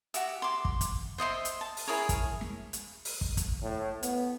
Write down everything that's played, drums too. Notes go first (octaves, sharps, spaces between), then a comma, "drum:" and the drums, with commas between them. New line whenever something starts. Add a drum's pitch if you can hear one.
F#4 G4 E5, drum: hi-hat
C6 D6
drum: kick
drum: kick, hi-hat
C5 D#5 E5 C6
drum: hi-hat
A5
drum: open hi-hat
E4 G#4 A#4 C#5
drum: kick, hi-hat
drum: snare
drum: hi-hat
drum: open hi-hat
drum: kick
drum: kick, hi-hat
A2
B3, drum: hi-hat